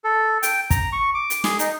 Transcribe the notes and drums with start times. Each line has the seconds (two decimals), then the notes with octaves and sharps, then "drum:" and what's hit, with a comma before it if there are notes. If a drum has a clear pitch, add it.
0.04 A4
0.43 G5, drum: hi-hat
0.70 A#5, drum: kick, hi-hat
0.93 C#6
1.14 D6
1.30 drum: hi-hat
1.44 G#4, drum: snare
1.59 D#4, drum: hi-hat